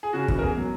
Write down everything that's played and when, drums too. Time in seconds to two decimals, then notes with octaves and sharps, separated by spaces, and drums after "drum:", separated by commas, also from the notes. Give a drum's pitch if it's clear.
0.03 G#4
0.13 C#3 F#4
0.28 E3, drum: kick
0.39 A#4
0.42 B2 G#4
0.57 F#3